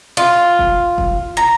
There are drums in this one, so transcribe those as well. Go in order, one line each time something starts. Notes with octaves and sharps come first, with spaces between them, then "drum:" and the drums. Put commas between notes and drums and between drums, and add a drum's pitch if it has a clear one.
F4
drum: kick
drum: kick
A#5